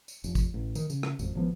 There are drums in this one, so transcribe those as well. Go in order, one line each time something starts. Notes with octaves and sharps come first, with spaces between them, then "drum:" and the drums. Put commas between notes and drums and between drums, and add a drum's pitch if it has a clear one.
drum: tambourine
F1, drum: tambourine
drum: kick, tambourine
A1
D#3, drum: tambourine
C#3, drum: tambourine
drum: rim click
G#1 F2, drum: tambourine
G#1 F3 B3